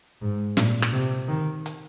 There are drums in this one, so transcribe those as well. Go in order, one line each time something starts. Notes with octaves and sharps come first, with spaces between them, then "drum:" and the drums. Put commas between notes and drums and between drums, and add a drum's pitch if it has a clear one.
G#2
A#2, drum: snare
drum: rim click
C3
D#3
drum: hi-hat